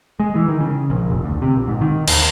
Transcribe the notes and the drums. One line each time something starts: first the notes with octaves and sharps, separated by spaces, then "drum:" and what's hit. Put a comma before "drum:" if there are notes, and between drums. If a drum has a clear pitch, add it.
G#3
E3
D#3
C#3
A#1
F1
D2
C3
A#1
G#2
D#3
D#2, drum: cymbal